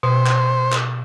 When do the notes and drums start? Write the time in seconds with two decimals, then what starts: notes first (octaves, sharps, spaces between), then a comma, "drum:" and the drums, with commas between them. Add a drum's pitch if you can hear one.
0.03 B2 C5
0.26 drum: clap
0.72 drum: clap